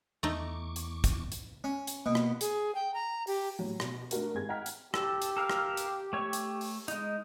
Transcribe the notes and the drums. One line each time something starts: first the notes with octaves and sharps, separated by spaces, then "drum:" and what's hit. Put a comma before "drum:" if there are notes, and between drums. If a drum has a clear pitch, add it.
E2 A3 D#4 C#6 D6
drum: hi-hat
drum: kick, hi-hat
drum: hi-hat
C#4
drum: hi-hat
B2 A#3
drum: rim click
G#4, drum: hi-hat
G5
A#5
G4, drum: open hi-hat
A2 F#3
B2, drum: rim click
A3 D4 F#4 A#4, drum: hi-hat
G#1 G3 G#4 G#6
D#5 F#5 G5 A#5 F6 B6
drum: hi-hat
G4 A4, drum: rim click
drum: hi-hat
A4 A#4 F5
drum: rim click
drum: hi-hat
A3 C#5 C#6
drum: hi-hat
drum: open hi-hat
G#3 D#4, drum: hi-hat